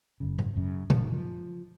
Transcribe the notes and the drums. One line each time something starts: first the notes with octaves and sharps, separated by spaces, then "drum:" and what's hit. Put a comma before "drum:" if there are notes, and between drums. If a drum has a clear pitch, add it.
F#1 F#2 C#3
drum: tom G#2
F#1 F#2 C#3
F#1 F#2 C#3 F3, drum: tom
D#3
F3